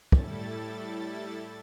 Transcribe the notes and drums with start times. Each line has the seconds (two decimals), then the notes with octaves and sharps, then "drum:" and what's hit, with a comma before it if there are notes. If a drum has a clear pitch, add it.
0.12 A2 G3 E4 A4 A6, drum: kick